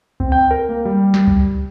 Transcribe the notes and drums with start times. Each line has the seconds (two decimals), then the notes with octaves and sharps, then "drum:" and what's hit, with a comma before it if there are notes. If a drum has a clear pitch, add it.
0.20 C4, drum: kick C2
0.32 G5
0.51 A#4
0.69 A#3
0.85 G3
1.14 drum: snare
1.27 drum: kick C2